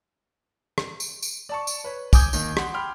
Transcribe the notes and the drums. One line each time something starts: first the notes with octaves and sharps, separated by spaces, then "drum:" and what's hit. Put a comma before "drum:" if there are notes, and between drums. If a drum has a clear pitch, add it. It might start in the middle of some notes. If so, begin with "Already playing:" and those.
drum: rim click
drum: tambourine
drum: tambourine
D5 A5 C#6
drum: tambourine
B4 C#5
G#5 D6 D#6 G6 G#6, drum: kick, tambourine
D#2 D#3, drum: tambourine
F#5 C6, drum: rim click
G5 B5 C6 F6